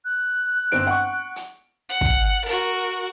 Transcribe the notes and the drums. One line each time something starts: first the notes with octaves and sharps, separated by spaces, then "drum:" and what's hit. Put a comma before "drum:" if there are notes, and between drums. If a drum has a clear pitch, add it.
F#6
G1 C4 D7
F#5 C#6
drum: hi-hat
F#5
drum: kick
F#4 A#4